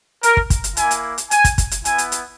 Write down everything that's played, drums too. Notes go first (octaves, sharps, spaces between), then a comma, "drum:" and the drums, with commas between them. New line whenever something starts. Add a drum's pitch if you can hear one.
A#4, drum: hi-hat
drum: kick
drum: kick, hi-hat
drum: hi-hat
A#3 E4 G#5, drum: hi-hat
drum: hi-hat
drum: hi-hat
G#5, drum: hi-hat
drum: kick, hi-hat
drum: kick, hi-hat
drum: hi-hat
B3 E4 G#5, drum: hi-hat
drum: hi-hat
drum: hi-hat